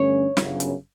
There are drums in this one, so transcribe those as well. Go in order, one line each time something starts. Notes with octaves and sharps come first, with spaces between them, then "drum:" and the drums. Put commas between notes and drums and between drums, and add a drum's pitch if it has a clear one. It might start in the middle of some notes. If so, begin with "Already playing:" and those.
Already playing: G2 D3 A3 C#4 C#5
G1 F#2 C#3, drum: snare
drum: hi-hat